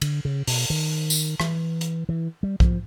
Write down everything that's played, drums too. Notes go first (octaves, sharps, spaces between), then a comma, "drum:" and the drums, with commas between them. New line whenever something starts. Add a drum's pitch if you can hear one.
D3, drum: cymbal
C#3
B2, drum: open hi-hat
D#3
drum: tambourine
E3, drum: rim click
drum: hi-hat
E3
G3
F3, drum: kick B1